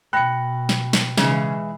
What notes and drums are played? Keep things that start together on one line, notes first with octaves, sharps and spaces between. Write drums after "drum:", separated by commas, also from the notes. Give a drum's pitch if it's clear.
B2 G5 B5 F#6 A#6 C#7
drum: snare
drum: snare
C#3 E3 G#3, drum: snare